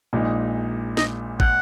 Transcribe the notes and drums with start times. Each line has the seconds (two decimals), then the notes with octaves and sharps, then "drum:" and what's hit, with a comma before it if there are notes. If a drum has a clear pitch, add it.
0.13 A#1 A#2 G#3 D#4
0.97 D#5, drum: snare
1.40 F#5, drum: kick